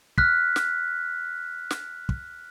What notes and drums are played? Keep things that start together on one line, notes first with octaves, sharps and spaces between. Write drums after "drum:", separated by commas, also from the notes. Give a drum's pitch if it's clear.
F6 F#6 B6, drum: kick
drum: snare
drum: snare
drum: kick